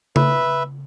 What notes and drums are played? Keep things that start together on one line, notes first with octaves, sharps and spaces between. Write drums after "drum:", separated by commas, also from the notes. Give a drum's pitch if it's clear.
B4 E5, drum: tom C#3